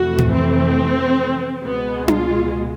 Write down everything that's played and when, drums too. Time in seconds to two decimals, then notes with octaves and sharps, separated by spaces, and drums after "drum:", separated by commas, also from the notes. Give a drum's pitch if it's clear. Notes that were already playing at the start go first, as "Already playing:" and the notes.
Already playing: F2 C3 E3 A3 F#4
0.18 drum: tom A2
0.33 C4
1.64 C#2 B2 G#3 B3
2.08 F4, drum: tom D4